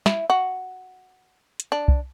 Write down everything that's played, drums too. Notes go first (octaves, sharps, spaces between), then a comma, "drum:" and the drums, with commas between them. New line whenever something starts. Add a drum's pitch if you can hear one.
E4, drum: snare
F#4
drum: hi-hat
D4
drum: kick